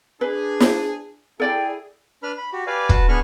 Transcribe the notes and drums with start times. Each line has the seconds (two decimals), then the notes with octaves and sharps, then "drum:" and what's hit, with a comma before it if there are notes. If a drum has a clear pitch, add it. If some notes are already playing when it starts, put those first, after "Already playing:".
0.21 D4 G#4 B4
0.60 drum: snare
1.40 E4 G#4 A4 D5 G5
2.23 D4 B4 B5 F6
2.38 B5
2.52 F#4 G4
2.67 G4 B4 D5 F5 G#5
2.89 F#4 B4 A5, drum: kick
3.08 B3 D4 G#4 B5 C#6 F6